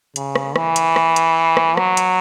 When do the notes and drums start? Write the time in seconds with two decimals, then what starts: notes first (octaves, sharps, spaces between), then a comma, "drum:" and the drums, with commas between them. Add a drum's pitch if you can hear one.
0.16 C#3, drum: hi-hat
0.36 drum: rim click
0.56 E3, drum: rim click
0.76 drum: hi-hat
0.96 drum: rim click
1.16 drum: hi-hat
1.57 drum: rim click
1.77 F#3, drum: rim click
1.97 drum: hi-hat